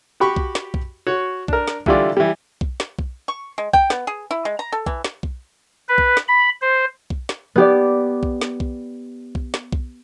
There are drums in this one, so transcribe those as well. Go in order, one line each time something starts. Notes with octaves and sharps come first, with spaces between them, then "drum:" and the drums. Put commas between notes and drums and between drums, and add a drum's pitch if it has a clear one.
F#4 G4 B5 C#6
drum: kick B1
drum: snare
drum: kick B1
F#4 C#5
D4 A#4, drum: kick B1
drum: snare
D3 E3 G3 F4 D5, drum: kick B1
E3 G3
drum: kick B1
drum: snare
drum: kick B1
C#6
G#3
G5, drum: kick B1
B3, drum: snare
G#4
E4
G#3
A#5
A4
E3, drum: kick B1
drum: snare
drum: kick B1
B4
drum: kick B1
drum: snare
B5
C5
drum: kick B1
drum: snare
B3 G4 D5
drum: kick B1
drum: snare
drum: kick B1
drum: kick B1
drum: snare
drum: kick B1